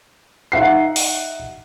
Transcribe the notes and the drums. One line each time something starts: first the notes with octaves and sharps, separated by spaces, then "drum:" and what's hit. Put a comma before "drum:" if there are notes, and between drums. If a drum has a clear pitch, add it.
D#4 E5 F#5 C7
drum: open hi-hat